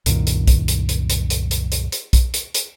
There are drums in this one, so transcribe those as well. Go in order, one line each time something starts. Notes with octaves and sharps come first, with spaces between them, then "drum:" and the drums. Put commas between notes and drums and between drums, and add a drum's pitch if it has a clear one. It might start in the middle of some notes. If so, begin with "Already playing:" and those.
C2 F#2 A#2 D#3, drum: hi-hat
drum: hi-hat
drum: kick B1, hi-hat
drum: hi-hat
drum: hi-hat
drum: hi-hat
drum: hi-hat
drum: hi-hat
drum: hi-hat
drum: hi-hat
drum: kick B1, hi-hat
drum: hi-hat
drum: hi-hat